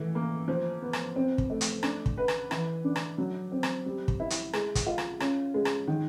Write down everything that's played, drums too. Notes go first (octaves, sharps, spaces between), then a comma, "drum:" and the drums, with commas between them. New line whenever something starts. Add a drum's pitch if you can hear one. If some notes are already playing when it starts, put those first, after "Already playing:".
Already playing: E3 A3
A#3
F3
B3
drum: rim click
C4
drum: kick
A3
drum: hi-hat
D4, drum: rim click
drum: kick
B4
drum: rim click
E3, drum: rim click
D4
drum: rim click
F#3
C4
drum: rim click
G3
drum: kick
E4
drum: hi-hat
G#3, drum: rim click
drum: kick, hi-hat
F4
drum: rim click
C#4, drum: rim click
G#3
drum: rim click
D#3